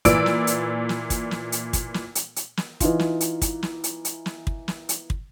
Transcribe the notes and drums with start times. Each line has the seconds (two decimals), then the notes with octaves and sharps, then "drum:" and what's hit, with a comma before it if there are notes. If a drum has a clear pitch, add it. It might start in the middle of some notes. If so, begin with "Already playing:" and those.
0.05 A#2 E3 D5 E6 D7, drum: kick, hi-hat
0.26 drum: snare
0.47 drum: hi-hat
0.89 drum: snare
1.10 drum: kick, hi-hat
1.31 drum: snare
1.52 drum: hi-hat
1.73 drum: kick, hi-hat
1.94 drum: snare
2.15 drum: hi-hat
2.36 drum: hi-hat
2.57 drum: snare
2.80 E3 D#4 F4, drum: kick, hi-hat
2.99 drum: snare
3.21 drum: hi-hat
3.42 drum: kick, hi-hat
3.63 drum: snare
3.84 drum: hi-hat
4.05 drum: hi-hat
4.26 drum: snare
4.47 drum: kick
4.68 drum: snare
4.89 drum: hi-hat
5.10 drum: kick